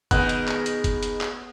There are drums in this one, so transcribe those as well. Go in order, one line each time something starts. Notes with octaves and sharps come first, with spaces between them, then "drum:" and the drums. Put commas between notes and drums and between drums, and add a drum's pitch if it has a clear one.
B2 D#3 G#3 B3 F#6, drum: kick F#1, hi-hat
drum: hi-hat
drum: clap
drum: hi-hat
drum: kick F#1, hi-hat
drum: hi-hat
drum: clap